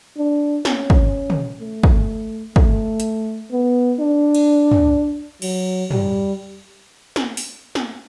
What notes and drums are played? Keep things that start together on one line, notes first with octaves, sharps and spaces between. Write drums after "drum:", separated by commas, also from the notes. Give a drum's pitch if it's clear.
D4
C#4, drum: snare
drum: kick
drum: tom
A3
drum: kick
A3, drum: kick
drum: hi-hat
B3
D4
drum: cymbal
drum: tom
F#3, drum: cymbal
G3, drum: tom
drum: snare
drum: open hi-hat
drum: snare